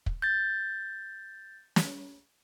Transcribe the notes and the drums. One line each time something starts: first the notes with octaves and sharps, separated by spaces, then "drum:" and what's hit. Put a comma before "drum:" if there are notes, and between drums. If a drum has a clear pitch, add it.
drum: kick
G6 A6
drum: snare